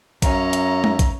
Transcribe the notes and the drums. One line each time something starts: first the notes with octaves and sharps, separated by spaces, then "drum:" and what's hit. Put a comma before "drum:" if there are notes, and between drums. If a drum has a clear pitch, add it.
F#2 C#4 E5 F5 A#5, drum: kick, hi-hat
drum: hi-hat
drum: tom G#3
drum: kick, hi-hat